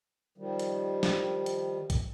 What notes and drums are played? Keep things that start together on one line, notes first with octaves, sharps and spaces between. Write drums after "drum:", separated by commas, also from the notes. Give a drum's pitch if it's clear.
D#3 F3 G3
drum: hi-hat
drum: snare
drum: hi-hat
drum: kick A#1, hi-hat